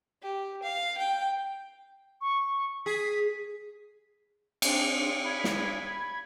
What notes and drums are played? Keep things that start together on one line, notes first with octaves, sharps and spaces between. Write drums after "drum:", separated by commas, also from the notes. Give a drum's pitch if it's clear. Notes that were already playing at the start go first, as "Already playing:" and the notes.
G4
F5
G5
C#6
G#4 B6
C4 D4, drum: cymbal
B5 G#6
drum: snare